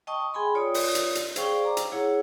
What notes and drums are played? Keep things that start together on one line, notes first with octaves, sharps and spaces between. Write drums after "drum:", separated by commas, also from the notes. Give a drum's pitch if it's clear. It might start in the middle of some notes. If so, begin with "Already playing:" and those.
D#5 G5 A5 C#6 D#6
G#4 G5 G#5 B5 C6
F4 C#5 D5 D#6
drum: open hi-hat
drum: hi-hat
drum: hi-hat
G#4 C5 D5 F5 G5 C#6, drum: hi-hat
A#5 D6
drum: hi-hat
E4 G#4 C#5 F#5